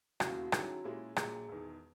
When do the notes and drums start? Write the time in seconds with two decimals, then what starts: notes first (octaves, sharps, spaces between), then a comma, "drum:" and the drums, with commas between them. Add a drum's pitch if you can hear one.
0.20 E1 D#2 C#3 E3 F#4, drum: rim click
0.52 D#3 F#3 C#4 E4 G#4, drum: rim click
0.84 A#2 G#3 C#4 E4 G#4
1.16 A#1 A#2 F#3 G#4, drum: rim click
1.49 E1 E2 D#3